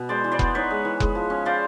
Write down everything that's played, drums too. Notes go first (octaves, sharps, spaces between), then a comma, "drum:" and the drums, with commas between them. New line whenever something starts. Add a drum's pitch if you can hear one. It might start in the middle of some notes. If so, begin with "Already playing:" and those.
Already playing: B2
G#3 C5 D5
E3
C5 D5
B3, drum: kick F1
D#4 B4 C#5
G#3
E3
G#3, drum: kick F1
F3
C#4
F4 C5 D5